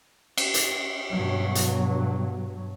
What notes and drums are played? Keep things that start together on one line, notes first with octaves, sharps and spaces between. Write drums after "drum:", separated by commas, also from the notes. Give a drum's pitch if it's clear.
drum: cymbal
drum: hi-hat
G2 B2 F#3
drum: hi-hat